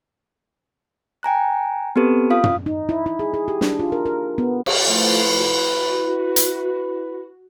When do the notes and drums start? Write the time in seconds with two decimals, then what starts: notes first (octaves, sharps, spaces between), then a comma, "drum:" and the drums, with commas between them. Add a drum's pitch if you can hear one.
1.23 G5 G#5 A#5 F#6
1.96 B3 C4 G4 A4 B4
2.30 F4 F5 D#6
2.44 drum: tom
2.66 D#4
2.89 E4
3.06 E4
3.19 G#4
3.34 G#4
3.48 G4
3.61 D4, drum: snare
3.79 F4
3.92 A#4
4.06 A#4
4.38 B3
4.66 drum: cymbal
4.84 F3 A3 E4 F4 B4
5.41 F#4
6.36 drum: hi-hat